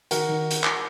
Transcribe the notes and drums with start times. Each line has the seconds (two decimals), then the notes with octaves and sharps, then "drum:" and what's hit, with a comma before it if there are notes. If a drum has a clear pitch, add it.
0.11 D#3 F#4 A#4, drum: hi-hat
0.29 D#3
0.51 drum: hi-hat
0.64 drum: clap